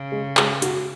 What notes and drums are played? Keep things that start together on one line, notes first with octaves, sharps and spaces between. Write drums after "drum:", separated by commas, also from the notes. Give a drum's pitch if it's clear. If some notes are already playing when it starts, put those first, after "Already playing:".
Already playing: C#3
G#3
G#3, drum: clap
F#4, drum: hi-hat